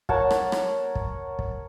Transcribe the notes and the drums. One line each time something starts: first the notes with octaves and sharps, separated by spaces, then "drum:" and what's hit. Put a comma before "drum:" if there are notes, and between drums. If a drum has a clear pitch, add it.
A#4 C#5 F#5 A5, drum: kick
drum: rim click
drum: rim click
drum: kick
drum: kick